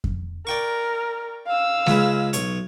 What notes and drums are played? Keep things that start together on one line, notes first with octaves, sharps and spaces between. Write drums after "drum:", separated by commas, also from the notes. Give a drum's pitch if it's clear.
drum: kick F2
A#4 D5 G5 C#6
F5 E6
C#2 G#3 B4, drum: snare G#3
B1 C#5, drum: hi-hat